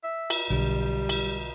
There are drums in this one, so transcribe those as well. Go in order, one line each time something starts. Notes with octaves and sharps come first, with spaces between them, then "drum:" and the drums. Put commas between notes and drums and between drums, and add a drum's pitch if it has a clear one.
E5
drum: cymbal
B1 D3 G3
drum: cymbal